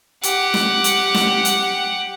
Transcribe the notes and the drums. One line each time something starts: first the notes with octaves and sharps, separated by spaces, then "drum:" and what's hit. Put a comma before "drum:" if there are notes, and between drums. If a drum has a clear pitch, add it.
G4 F#5, drum: hi-hat
drum: snare
drum: hi-hat
drum: snare
drum: hi-hat